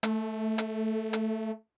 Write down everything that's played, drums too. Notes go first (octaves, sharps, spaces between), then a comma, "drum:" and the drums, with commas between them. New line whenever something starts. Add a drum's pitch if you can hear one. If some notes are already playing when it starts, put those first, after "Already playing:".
A3, drum: hi-hat
drum: hi-hat
drum: hi-hat